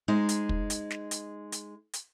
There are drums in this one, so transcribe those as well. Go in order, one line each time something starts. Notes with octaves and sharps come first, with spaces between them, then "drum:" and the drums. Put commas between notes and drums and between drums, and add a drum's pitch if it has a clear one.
G#3 D#4 C5
drum: hi-hat
drum: kick
drum: hi-hat
drum: snare
drum: hi-hat
drum: hi-hat
drum: hi-hat